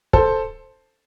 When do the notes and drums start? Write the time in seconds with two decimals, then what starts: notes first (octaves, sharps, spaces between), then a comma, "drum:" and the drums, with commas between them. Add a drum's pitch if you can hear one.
0.13 A4 C5, drum: kick